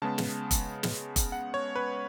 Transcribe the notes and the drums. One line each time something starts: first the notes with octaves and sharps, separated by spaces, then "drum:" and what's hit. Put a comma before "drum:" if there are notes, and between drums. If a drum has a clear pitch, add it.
C#3 G#3 B3 A5
drum: snare
drum: kick F1, hi-hat
drum: snare
drum: kick F1, hi-hat
F#5
C#5
B4